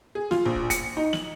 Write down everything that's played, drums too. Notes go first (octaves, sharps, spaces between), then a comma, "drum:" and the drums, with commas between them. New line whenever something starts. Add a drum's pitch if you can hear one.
G#4
F4, drum: snare
A#1
drum: kick
C#7, drum: kick, hi-hat
D#4
F#7, drum: snare